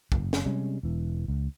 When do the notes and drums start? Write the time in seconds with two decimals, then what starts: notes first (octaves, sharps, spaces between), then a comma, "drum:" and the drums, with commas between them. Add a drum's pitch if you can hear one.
0.12 F#1, drum: kick
0.33 drum: snare
0.46 C3 G3 G#3 C#4
0.83 E1 E3
1.28 C#2